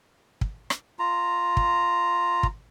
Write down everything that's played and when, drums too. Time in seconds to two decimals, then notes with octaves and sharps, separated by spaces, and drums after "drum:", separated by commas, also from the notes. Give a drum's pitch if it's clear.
0.41 drum: kick
0.70 drum: rim click
0.99 F4 A#5
1.57 drum: kick
2.43 drum: kick